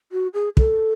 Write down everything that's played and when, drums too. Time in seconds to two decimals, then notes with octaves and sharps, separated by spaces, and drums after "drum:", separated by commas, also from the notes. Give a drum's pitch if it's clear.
0.12 F#4
0.34 G#4
0.57 A4, drum: kick